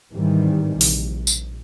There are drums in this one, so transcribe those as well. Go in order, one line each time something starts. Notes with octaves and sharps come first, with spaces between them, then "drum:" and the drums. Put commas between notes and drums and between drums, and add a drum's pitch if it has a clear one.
G#2 C3 D#3 E3 G3
A#1, drum: open hi-hat
drum: tambourine